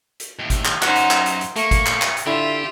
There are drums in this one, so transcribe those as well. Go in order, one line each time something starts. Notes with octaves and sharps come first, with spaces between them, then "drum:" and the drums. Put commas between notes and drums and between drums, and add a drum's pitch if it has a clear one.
drum: hi-hat
D#2 A2
drum: kick, hi-hat
drum: clap
F#2 C#4 D#4 C5 F#5, drum: clap
drum: hi-hat
drum: clap
drum: hi-hat
drum: hi-hat
A3 A#3 C#6, drum: hi-hat
drum: kick, hi-hat
drum: clap
drum: clap
drum: hi-hat
D3 E4 F4 G4 E5